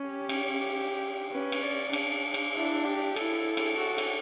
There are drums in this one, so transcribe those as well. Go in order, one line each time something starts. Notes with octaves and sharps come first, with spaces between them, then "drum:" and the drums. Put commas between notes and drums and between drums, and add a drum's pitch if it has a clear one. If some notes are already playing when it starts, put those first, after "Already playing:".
Already playing: C#4
G4
drum: cymbal
C#4 B4
drum: cymbal
D5
D4 C#5, drum: cymbal
drum: cymbal
D4 E4
G4
E4 A4, drum: cymbal
drum: cymbal
F#4
drum: cymbal